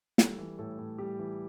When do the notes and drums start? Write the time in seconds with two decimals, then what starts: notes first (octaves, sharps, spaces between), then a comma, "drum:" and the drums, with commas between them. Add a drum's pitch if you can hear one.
0.18 G3 A4, drum: snare
0.38 E3
0.59 A2 A4
0.78 A2
0.98 G3 G4
1.19 E3